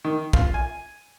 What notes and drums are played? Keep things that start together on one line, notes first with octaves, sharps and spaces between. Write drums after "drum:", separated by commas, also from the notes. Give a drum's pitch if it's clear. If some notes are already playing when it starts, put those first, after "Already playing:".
D#3
F4, drum: kick
G#5